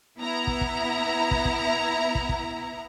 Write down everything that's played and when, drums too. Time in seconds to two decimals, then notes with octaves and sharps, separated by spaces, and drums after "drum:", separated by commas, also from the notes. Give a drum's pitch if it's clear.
0.19 B3 E4 A#5
0.47 drum: kick
0.61 drum: kick
1.31 drum: kick
1.45 drum: kick
2.15 drum: kick
2.29 drum: kick